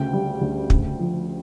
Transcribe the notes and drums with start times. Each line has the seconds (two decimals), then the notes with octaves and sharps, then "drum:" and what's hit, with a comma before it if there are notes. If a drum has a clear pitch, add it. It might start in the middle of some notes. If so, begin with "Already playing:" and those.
Already playing: D2 C#3 G5
0.13 G3
0.41 D2
0.70 C#3, drum: kick
0.99 F3